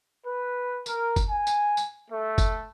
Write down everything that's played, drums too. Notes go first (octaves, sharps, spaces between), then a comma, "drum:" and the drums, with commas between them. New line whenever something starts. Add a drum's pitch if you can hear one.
B4
A#4, drum: tambourine
drum: kick F#1, tambourine
G#5
drum: tambourine
drum: tambourine
A3
drum: kick F#1, tambourine